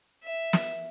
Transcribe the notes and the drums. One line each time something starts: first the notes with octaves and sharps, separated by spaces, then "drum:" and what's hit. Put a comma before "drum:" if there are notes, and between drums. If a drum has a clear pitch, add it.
E5
drum: snare